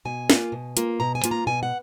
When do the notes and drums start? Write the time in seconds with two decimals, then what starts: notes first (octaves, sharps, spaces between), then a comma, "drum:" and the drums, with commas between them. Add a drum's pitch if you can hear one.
0.05 B2 G#5
0.30 A#3 F4, drum: snare
0.52 B2
0.77 A#3 F4, drum: hi-hat
1.00 B2 A#5
1.15 G#5
1.24 A#3 F4, drum: hi-hat
1.31 A#5
1.47 B2 G#5
1.63 F#5